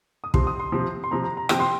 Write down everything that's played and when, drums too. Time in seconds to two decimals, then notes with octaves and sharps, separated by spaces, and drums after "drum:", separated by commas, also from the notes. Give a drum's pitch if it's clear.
0.24 D#6
0.34 C3 F3 C4 C6, drum: kick
0.47 D#6
0.60 C6
0.72 C3 F3 C4
1.04 C6
1.11 C3 F3 C4 A#5
1.24 A#5
1.37 A#5
1.49 C3 F3 C4 G5, drum: rim click
1.60 C6